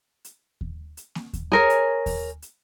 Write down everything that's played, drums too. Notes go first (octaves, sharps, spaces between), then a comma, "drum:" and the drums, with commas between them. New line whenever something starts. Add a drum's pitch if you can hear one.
drum: hi-hat
drum: kick D#2
drum: hi-hat
drum: snare A#3
drum: kick D#2, hi-hat
G#4 A#4 C#5
drum: hi-hat
drum: kick D#2, open hi-hat
drum: hi-hat